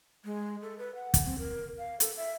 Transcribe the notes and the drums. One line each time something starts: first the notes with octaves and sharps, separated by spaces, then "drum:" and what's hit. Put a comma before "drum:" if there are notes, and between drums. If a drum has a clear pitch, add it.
G#3
A4
B4
F#5
drum: kick, hi-hat
C4
A#4
F5
A4, drum: hi-hat
E5